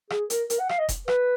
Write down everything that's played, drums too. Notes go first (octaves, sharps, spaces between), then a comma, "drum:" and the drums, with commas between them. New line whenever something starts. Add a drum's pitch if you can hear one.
G#4, drum: rim click
A#4, drum: hi-hat
A#4, drum: hi-hat
F#5
F5, drum: rim click
D#5
drum: kick F1, hi-hat
B4, drum: rim click